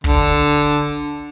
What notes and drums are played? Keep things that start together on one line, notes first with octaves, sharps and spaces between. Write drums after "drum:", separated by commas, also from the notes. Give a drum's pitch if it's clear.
D3, drum: kick